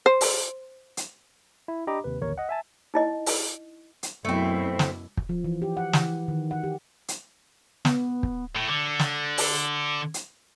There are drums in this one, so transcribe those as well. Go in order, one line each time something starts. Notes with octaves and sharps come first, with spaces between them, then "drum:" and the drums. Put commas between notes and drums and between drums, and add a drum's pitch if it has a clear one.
C5
drum: open hi-hat
drum: hi-hat
E4
D4 G4 D#5 A#5 B5 D6
D#2 C3 B4
A1 D#2 D3 A#4 C#5
D#5 F#5
E5 G#5 A5
D#4 E4 D#5
drum: open hi-hat
drum: hi-hat
F#2 B2 A3 C4 E4
drum: snare
drum: kick
F3
E3
G4
F#5
E3, drum: snare
D#3
F#5
G4
drum: hi-hat
B3, drum: snare
drum: kick
A2
D3
drum: snare
drum: open hi-hat
drum: hi-hat